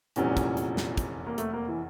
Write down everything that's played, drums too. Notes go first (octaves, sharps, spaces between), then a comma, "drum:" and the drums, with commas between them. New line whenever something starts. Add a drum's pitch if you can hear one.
F1 E2 A#2 E3 G3 C#4, drum: hi-hat
drum: kick, hi-hat
drum: hi-hat
drum: snare
drum: kick, hi-hat
A#3
A3, drum: hi-hat
A#3
E3